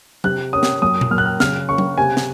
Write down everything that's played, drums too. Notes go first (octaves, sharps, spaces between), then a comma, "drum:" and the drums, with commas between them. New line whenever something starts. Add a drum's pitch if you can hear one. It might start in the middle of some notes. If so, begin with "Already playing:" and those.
C3 F#6, drum: tom F#3
C#4 D#6
drum: snare
F#2 D#6
drum: tom A#2
F#2 F6
F#6
F6
C#3 F6, drum: snare
C#3 C#6
drum: tom F#3
C3 G#5
drum: snare